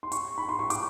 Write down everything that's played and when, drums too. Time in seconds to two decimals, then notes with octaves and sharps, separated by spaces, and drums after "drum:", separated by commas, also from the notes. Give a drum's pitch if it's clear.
0.03 C6
0.12 C#6, drum: hi-hat
0.38 B5
0.49 C6
0.59 C#6
0.70 D6, drum: hi-hat